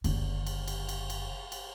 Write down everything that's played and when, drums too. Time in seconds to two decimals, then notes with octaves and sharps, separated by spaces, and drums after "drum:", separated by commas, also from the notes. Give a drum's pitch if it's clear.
0.04 F#1 D3, drum: cymbal
0.46 drum: cymbal
0.68 drum: cymbal
0.89 drum: cymbal
1.10 drum: cymbal
1.52 drum: cymbal